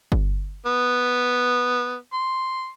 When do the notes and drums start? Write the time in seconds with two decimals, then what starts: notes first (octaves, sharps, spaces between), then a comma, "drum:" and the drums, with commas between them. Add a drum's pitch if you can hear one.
0.12 drum: kick G1
0.66 B3
2.13 C6